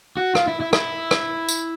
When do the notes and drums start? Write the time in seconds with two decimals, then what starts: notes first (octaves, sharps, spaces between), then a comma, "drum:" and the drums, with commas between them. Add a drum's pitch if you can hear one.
0.17 F#4
0.35 F4, drum: rim click
0.48 E4
0.60 E4
0.73 E4, drum: rim click
1.11 drum: rim click
1.49 drum: tambourine